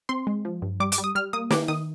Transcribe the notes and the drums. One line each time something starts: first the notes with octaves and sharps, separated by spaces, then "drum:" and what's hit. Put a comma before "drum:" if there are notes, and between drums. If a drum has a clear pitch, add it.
C4 C6
G#3
F3
G2
G3 D6
D6, drum: hi-hat
G3
D#6
G3 F6
A#3 D#6
D#3 D6, drum: snare
D#3 D#6